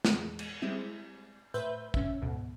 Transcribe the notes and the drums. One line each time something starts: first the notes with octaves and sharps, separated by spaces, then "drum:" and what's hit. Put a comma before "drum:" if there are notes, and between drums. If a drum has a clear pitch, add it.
E2 G#3, drum: snare
drum: cymbal
G3 G#3 C4 E4
A2 B4 C5 E5 G6
C#4 E5, drum: kick
D2 G#2 B2